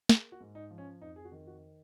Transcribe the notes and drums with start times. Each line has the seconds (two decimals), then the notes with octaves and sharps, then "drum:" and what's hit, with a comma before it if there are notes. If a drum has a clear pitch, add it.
0.09 A#3 G#4, drum: snare
0.32 F#4
0.40 G#2
0.55 D#4
0.71 F3
0.78 C#4
1.01 F2 D#4
1.16 G#4
1.25 F#4
1.32 D#3
1.47 F#4